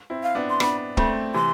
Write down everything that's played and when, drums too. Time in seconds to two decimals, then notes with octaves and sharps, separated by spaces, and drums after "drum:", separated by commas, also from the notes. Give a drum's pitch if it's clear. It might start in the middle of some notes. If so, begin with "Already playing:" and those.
0.10 C4 E4
0.23 F5
0.35 B3 D4
0.50 C6
0.60 B3 D4 B5, drum: rim click
0.97 A3 C4 B5, drum: kick
1.34 C3 E3 C6